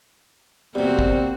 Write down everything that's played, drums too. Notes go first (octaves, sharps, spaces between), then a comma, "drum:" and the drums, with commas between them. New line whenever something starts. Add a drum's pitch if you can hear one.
E2 C3 G3 A#3 C4 F#4
drum: kick